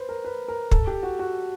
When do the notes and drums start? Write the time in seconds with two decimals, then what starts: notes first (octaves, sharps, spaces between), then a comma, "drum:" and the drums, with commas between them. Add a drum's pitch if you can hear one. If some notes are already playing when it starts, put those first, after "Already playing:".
Already playing: B4 C5
0.09 A#4
0.25 B4
0.48 A#4
0.71 A4, drum: kick
0.87 G4
1.03 F#4
1.19 F#4